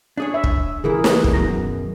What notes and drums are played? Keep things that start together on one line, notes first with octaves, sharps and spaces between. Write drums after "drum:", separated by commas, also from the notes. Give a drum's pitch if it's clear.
D4 G#4 C#5
E5
drum: kick
C#3 E3 E4 G#4 A#4
drum: snare
drum: kick
F#2 B2 D#3 F#3 A#5